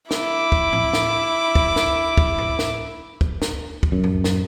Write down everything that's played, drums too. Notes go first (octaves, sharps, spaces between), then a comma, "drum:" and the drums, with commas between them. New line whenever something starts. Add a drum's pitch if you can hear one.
E4 D6, drum: snare
drum: kick
drum: tom A2
drum: snare
drum: kick
drum: snare
drum: kick
drum: tom A2
drum: snare
drum: kick
drum: snare
drum: kick
F#2
drum: tom A2
drum: snare